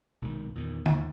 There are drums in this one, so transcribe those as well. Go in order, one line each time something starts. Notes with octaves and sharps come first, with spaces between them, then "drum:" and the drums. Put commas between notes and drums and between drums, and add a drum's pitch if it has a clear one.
B1 G#2 C3 D#3
E2 A#2 D#3
D#2 G#2, drum: tom D3